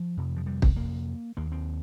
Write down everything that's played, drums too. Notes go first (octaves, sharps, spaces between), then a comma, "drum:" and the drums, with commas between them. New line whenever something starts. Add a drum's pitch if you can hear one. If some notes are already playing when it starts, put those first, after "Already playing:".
Already playing: F3
F2 C3
F3
G3
C4, drum: kick
A#3
D#2 A#3
C4